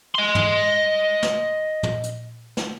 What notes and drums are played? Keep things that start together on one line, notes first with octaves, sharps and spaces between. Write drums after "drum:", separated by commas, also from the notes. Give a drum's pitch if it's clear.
D#5 C6
drum: tom
drum: snare
drum: tom
drum: hi-hat
drum: snare